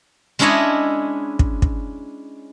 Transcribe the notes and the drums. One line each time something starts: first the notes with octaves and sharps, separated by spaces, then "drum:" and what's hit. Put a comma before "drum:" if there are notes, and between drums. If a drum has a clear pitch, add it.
G#3 C#4 D4 E4 C#5 D#5
drum: kick
drum: kick